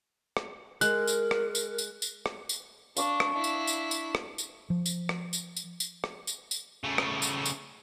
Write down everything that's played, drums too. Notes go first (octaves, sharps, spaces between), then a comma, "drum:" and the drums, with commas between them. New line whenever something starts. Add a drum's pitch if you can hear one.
drum: rim click
G#3 A#4 F#6, drum: tambourine
drum: tambourine
drum: rim click
drum: tambourine
drum: tambourine
drum: tambourine
drum: rim click
drum: tambourine
D4 F5 C#6 D6, drum: tambourine
drum: rim click
D4 E4
drum: tambourine
drum: tambourine
drum: tambourine
drum: rim click
drum: tambourine
F3
drum: tambourine
drum: rim click
drum: tambourine
drum: tambourine
drum: tambourine
drum: rim click
drum: tambourine
drum: tambourine
C#3 A3
drum: rim click
drum: tambourine
drum: tambourine